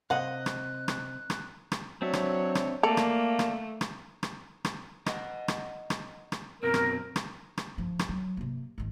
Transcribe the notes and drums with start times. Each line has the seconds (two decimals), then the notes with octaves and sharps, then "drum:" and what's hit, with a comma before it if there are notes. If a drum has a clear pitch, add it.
0.10 C3 D#5 F5 F#5 F#6
0.46 drum: rim click
0.88 drum: rim click
1.30 drum: rim click
1.72 drum: rim click
2.02 F#3 C4 D4 C#5 E5
2.13 drum: rim click
2.55 drum: rim click
2.83 A3 A#3 A4 D5 F5
2.97 drum: rim click
3.39 drum: rim click
3.81 drum: rim click
4.23 drum: rim click
4.65 drum: rim click
5.06 D#5 F#5, drum: rim click
5.48 drum: rim click
5.90 drum: rim click
6.32 drum: rim click
6.63 F#2 B2 C4 A#4
6.74 drum: rim click
7.16 drum: rim click
7.57 drum: rim click
7.78 G2 F3
7.99 drum: rim click
8.09 F#3
8.37 C3 A#3
8.78 G#1 D#3